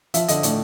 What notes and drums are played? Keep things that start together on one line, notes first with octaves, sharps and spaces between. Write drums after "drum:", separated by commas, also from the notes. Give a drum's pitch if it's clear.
F3 E5, drum: hi-hat
D3 D#5, drum: hi-hat
A2 D5, drum: hi-hat